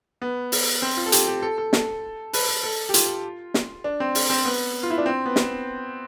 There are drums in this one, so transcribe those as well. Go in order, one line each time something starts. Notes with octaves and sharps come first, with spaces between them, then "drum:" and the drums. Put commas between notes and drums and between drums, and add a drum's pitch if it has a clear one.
B3
drum: open hi-hat
C4
F4
A4
G4, drum: hi-hat
G4
A4
A4
A4, drum: snare
B4, drum: open hi-hat
B4
A4
G4
F4, drum: hi-hat
drum: snare
D4
C4
drum: open hi-hat
C4
B3
F4
E4
D4
C4
B3
drum: snare